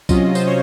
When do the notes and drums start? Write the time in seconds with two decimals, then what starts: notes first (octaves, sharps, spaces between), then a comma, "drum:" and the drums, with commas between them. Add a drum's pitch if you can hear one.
0.09 C3 F#3 C#4 F4 D#5, drum: kick B1, tambourine
0.35 C5, drum: tambourine
0.47 C#5